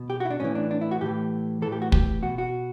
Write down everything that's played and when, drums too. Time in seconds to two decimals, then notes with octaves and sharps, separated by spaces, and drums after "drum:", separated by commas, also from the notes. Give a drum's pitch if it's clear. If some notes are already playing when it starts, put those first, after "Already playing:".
Already playing: B2
0.10 G4
0.20 E4 F#4
0.30 D4
0.40 A2 E3 C#4
0.55 D4
0.71 D4
0.81 E4
0.91 F#4
1.01 A2 E3 G4
1.62 A2 E3 A4
1.72 G4
1.82 F#4
1.92 G4, drum: kick
2.23 B2 F#4
2.38 F#4